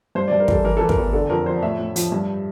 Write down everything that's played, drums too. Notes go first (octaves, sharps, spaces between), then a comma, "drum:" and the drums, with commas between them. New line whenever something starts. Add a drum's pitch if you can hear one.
G2 C5
G2 D5
A#4
E3 A4, drum: kick
E3 A#4
E3 A4
A#4, drum: kick
E2
D3 A4
F2 A#4
F3 C5
A2 E5
A2
F3, drum: hi-hat
G2